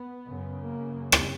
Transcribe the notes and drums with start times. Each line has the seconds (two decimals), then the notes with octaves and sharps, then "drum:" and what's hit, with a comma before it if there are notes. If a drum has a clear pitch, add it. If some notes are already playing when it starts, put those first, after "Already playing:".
Already playing: B3
0.26 F#2 C#3
0.60 A#3
1.12 drum: rim click